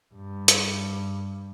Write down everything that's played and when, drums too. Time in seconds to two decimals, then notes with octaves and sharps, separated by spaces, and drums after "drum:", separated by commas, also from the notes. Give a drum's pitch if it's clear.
0.14 G2
0.48 drum: hi-hat